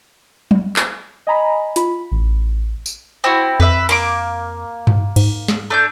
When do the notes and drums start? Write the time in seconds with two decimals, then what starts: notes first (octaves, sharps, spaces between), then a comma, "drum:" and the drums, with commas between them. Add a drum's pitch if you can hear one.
0.51 drum: tom
0.76 drum: clap
1.27 D#5 G#5 A#5 B5
1.76 F4 B5, drum: hi-hat
2.11 A1
2.86 drum: tambourine
3.24 C4 E4 F#4
3.60 F2 B4 E5
3.89 A#3 C6 D6, drum: cymbal
4.87 drum: tom G2
5.16 G#2, drum: cymbal
5.48 drum: snare
5.70 A3 D4 G6